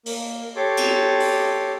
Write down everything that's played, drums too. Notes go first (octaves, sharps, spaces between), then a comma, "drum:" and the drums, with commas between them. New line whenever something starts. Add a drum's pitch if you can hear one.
A#3, drum: open hi-hat
G4 A4 C#5 C6 D6
drum: cymbal
drum: open hi-hat